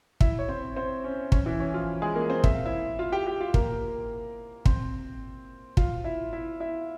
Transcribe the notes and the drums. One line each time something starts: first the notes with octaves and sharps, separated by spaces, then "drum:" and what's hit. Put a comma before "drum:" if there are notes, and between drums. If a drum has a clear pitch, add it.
E4 E5, drum: kick
C#5
C4 C5
C4 C5
C#4
C#4, drum: kick
E3 E4
C#4
F3 F4
G#3 G#4
A#3 A#4
C4 C5
E5, drum: kick
F5
E4 E5
F4 F5
G4 G5
G4 G5
F4 F5
A#3 A#4, drum: kick
C4 C5, drum: kick
F4 F5, drum: kick
E4 E5
E4 E5
E4 E5